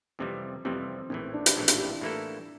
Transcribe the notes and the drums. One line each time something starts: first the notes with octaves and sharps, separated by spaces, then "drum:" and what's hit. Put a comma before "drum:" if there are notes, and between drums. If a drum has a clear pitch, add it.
F2 C3 E3 G3 C4
F2 C3 E3 G3 C4
A#1 A2 E3 C4
D4
drum: hi-hat
A#1 A2 E3 D4
D4 F4, drum: hi-hat
E4 G4
E4 G4
A2 E3 A#3 D4 E4 A4